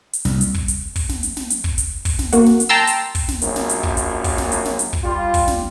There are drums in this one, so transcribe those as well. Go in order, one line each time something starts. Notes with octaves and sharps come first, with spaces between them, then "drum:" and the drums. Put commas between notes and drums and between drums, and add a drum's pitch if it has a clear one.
drum: hi-hat
C2, drum: snare
drum: hi-hat
drum: kick
drum: hi-hat
drum: kick, open hi-hat
drum: snare
drum: hi-hat
drum: snare
drum: hi-hat
drum: kick
drum: hi-hat
drum: kick, open hi-hat
drum: snare
A#3 F#4, drum: hi-hat
drum: snare
drum: hi-hat
G5 A5 A#5 C6 E6
drum: hi-hat
drum: kick, open hi-hat
drum: snare
A#1 F#2, drum: hi-hat
drum: snare
drum: hi-hat
drum: kick
drum: hi-hat
drum: kick, open hi-hat
drum: snare
drum: hi-hat
drum: snare
drum: hi-hat
drum: kick
G3 F4
drum: kick, open hi-hat
drum: snare